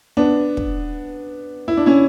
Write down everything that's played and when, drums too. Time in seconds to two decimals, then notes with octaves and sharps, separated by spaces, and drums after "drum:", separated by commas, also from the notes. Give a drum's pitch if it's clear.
0.17 B3 D4
0.57 drum: kick
1.68 E4
1.77 D4
1.86 C#4 E4